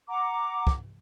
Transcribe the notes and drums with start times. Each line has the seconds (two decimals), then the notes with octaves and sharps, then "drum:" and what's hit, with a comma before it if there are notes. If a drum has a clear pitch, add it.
0.08 F#5 A#5 D6
0.67 drum: kick